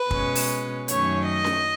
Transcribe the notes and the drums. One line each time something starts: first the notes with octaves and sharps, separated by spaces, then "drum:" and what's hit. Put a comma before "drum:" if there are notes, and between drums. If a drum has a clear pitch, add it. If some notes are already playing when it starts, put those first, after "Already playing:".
Already playing: B4
B2 G#3 C#4, drum: kick
drum: open hi-hat
F#2 D#3 A3 C#4 C#5, drum: hi-hat
D#5
drum: snare C#4